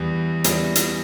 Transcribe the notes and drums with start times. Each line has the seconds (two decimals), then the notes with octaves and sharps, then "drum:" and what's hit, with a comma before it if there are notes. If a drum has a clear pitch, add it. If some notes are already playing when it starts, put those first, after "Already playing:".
Already playing: E2 E3 G3
0.44 E2 E3 G3, drum: hi-hat
0.75 drum: hi-hat